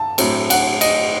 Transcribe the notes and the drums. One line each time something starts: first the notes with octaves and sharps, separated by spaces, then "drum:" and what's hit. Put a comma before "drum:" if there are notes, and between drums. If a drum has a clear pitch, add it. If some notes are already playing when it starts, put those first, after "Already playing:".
Already playing: A5
A2 F#3 A3 C4, drum: cymbal
F#5, drum: cymbal
D#5, drum: cymbal